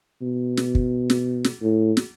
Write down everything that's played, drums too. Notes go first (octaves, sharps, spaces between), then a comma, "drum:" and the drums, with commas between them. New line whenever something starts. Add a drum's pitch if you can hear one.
B2
drum: snare
drum: kick
drum: snare
drum: snare
A2
drum: snare